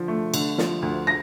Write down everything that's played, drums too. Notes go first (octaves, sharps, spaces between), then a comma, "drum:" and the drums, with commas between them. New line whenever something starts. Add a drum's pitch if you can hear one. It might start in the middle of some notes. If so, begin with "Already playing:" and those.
Already playing: D3 F3
A3
D3, drum: cymbal
F3, drum: snare
D2
A#6